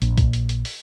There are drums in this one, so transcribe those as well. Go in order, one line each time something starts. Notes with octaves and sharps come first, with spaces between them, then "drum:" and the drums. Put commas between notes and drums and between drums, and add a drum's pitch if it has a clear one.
A#1, drum: hi-hat
drum: kick B1, hi-hat
drum: hi-hat
drum: hi-hat
drum: open hi-hat